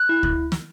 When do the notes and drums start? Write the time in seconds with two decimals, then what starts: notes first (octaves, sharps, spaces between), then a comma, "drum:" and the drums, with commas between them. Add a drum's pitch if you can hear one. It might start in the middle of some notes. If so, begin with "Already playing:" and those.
Already playing: F#6
0.09 E4
0.23 drum: kick
0.52 drum: snare